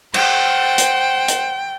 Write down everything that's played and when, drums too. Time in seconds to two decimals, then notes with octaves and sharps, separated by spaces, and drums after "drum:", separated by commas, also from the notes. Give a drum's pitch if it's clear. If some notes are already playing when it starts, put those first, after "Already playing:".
0.14 C5 F#5 G5, drum: cymbal
0.78 drum: hi-hat
1.28 drum: hi-hat